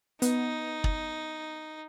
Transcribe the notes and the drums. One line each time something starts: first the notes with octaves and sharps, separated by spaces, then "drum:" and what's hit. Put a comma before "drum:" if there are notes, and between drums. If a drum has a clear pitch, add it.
B3 D#4, drum: hi-hat
drum: kick